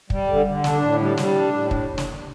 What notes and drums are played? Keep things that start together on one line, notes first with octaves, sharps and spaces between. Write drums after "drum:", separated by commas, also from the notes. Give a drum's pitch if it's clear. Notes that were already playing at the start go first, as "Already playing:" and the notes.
G3, drum: kick
D3
D3
D4, drum: snare
A2
G3
G3, drum: snare
D4
A2
drum: kick
drum: snare